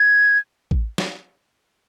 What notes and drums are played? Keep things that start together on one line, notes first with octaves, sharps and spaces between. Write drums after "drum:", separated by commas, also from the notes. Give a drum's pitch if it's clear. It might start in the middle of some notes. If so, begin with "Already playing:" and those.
Already playing: G#6
drum: kick A1
drum: snare